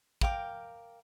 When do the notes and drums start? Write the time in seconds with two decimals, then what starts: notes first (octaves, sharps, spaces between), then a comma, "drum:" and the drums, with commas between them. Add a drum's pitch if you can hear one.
0.21 A#4 F5 G5 D6, drum: kick